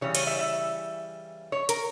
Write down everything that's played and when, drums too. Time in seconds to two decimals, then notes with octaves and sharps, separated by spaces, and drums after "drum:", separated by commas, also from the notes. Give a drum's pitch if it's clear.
0.01 C#3 E3 G3 C#5
0.15 C#5, drum: cymbal
0.27 E5
0.39 E5
1.52 C#5
1.69 A#4, drum: hi-hat